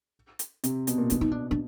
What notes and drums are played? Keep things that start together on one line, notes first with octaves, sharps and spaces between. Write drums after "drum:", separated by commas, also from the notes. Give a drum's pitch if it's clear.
drum: hi-hat
C3, drum: hi-hat
B2, drum: hi-hat
A#2
B2 D4, drum: hi-hat
D#4
D4
D4